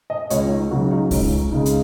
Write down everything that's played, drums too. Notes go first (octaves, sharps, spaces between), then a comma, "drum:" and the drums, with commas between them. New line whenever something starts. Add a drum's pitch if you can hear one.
D#5
C#2 C#5, drum: hi-hat
D#4
C#3 F#3 F#4
D#4
C#2 C#4, drum: kick C#2, open hi-hat
D#4
C#3 G#3 D#4
drum: hi-hat